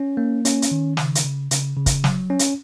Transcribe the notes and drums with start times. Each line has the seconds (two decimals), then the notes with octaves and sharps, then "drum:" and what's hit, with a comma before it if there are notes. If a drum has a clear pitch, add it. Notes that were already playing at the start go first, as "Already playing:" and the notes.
Already playing: C#4
0.17 A#3
0.45 C#4, drum: hi-hat
0.62 drum: hi-hat
0.71 D#3
0.97 C#3, drum: snare
1.15 drum: hi-hat
1.25 C#3
1.51 C#3, drum: hi-hat
1.77 C#3
1.86 drum: kick, hi-hat
2.04 F#3, drum: snare
2.30 C#4
2.39 drum: hi-hat